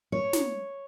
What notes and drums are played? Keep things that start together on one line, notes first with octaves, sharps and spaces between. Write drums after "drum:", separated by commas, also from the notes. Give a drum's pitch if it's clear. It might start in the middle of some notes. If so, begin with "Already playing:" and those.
C#5
drum: snare